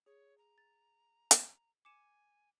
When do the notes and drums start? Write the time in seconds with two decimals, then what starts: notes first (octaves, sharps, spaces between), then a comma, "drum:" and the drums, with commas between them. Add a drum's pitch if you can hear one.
0.06 G#4 C#5
0.38 A#5
0.58 A6
1.31 drum: hi-hat
1.85 G#5 D6 C#7 E7